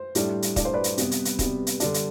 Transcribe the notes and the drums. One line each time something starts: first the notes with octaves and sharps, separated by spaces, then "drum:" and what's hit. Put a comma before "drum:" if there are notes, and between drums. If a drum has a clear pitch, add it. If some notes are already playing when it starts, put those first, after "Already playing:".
Already playing: C5
A2 G3 D4, drum: hi-hat
drum: hi-hat
A2 G3 D4 D5, drum: kick, hi-hat
C5
B4 D5
drum: hi-hat
C3 G3 B3, drum: hi-hat
drum: hi-hat
drum: hi-hat
C3 G3 B3, drum: kick, hi-hat
drum: hi-hat
D3 G3 D4, drum: hi-hat
drum: hi-hat